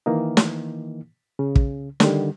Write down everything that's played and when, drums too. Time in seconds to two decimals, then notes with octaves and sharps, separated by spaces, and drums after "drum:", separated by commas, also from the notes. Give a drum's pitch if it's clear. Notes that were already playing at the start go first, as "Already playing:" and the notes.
0.06 D#3 E3 A#3 D#4
0.37 drum: snare
1.39 C#3
1.55 drum: kick
2.00 D3 D#3 G3, drum: snare